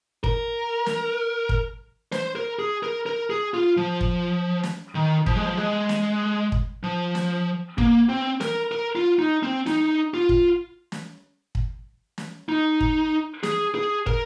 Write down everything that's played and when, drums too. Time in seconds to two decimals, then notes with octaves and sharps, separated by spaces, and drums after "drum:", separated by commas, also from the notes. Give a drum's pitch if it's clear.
0.24 A#4, drum: kick
0.86 drum: snare
1.49 drum: kick
2.12 C5, drum: snare
2.35 A#4
2.59 G#4
2.83 A#4
3.06 A#4
3.30 G#4
3.54 F4
3.77 F3
4.01 drum: kick
4.63 drum: snare
4.95 D#3
5.26 F3, drum: kick
5.36 G#3
5.46 F3
5.57 G#3
5.89 drum: snare
6.52 drum: kick
6.83 F3
7.15 drum: snare
7.78 A#3, drum: kick
8.09 C4
8.41 A#4, drum: snare
8.72 A#4
8.96 F4
9.19 D#4
9.43 C4
9.66 D#4, drum: snare
10.14 F4
10.29 drum: kick
10.92 drum: snare
11.55 drum: kick
12.18 drum: snare
12.49 D#4
12.81 drum: kick
13.43 G#4, drum: snare
13.75 G#4
14.06 A#4, drum: kick